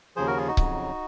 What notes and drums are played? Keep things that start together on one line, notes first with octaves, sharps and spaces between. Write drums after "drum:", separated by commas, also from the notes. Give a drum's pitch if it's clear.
D#2 C#3 F3 G#4 C5
F#4 A#4
F4 G#4
D#4 F#4
F2 C#3 F#3, drum: kick C#1